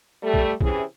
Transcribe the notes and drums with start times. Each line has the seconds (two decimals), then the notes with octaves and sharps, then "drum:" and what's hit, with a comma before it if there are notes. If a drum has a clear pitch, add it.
0.23 G3 A3
0.34 drum: kick
0.61 C3 E3 C#4 E4 G#4, drum: kick